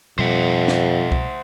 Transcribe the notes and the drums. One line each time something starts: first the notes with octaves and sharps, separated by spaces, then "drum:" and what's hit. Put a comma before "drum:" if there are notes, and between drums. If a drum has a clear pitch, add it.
F2 B2 G3 C5 E5 F#5
drum: snare
drum: kick C2